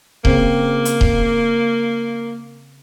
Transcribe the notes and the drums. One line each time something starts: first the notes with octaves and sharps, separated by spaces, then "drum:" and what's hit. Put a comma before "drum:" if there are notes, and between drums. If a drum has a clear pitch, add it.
C#3 A#3 C4, drum: kick D#1
drum: hi-hat
drum: kick D#1